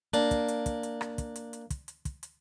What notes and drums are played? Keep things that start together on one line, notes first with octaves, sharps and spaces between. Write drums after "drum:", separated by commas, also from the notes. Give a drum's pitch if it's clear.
A#3 D4, drum: hi-hat
drum: kick, hi-hat
drum: hi-hat
drum: kick, hi-hat
drum: hi-hat
drum: rim click
drum: kick, hi-hat
drum: hi-hat
drum: hi-hat
drum: kick, hi-hat
drum: hi-hat
drum: kick, hi-hat
drum: hi-hat